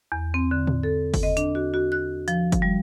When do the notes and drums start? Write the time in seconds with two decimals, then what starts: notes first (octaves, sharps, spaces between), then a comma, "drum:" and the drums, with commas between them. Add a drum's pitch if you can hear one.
0.12 E2
0.34 C4
0.51 D3
0.67 drum: tom
0.83 A4
1.14 drum: kick F#1, open hi-hat
1.23 D#5
1.37 D4, drum: hi-hat
1.55 F#4
1.74 F#4
1.92 F#6
2.28 F3, drum: hi-hat
2.52 drum: kick F#1, hi-hat
2.62 G3